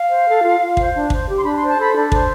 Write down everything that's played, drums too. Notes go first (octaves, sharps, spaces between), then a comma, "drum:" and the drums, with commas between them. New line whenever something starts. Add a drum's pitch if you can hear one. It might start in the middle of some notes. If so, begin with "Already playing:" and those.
Already playing: F5
C5
A4
F4
F4
C5, drum: kick
D4
C5, drum: kick
G4
C6
D4 B5
C6
C5
A5
A4 B5
D4
C5, drum: kick